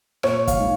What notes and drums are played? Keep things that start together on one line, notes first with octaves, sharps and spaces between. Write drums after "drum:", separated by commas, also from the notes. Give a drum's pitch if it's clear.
A#2 C#5, drum: rim click
F5, drum: kick, hi-hat
G#3 D#4